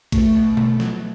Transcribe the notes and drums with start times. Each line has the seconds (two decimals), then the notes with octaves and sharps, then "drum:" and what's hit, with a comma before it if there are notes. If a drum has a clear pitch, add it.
0.12 A3 C#6, drum: kick, cymbal
0.35 B2
0.57 A3, drum: tom B2
0.80 F#3, drum: snare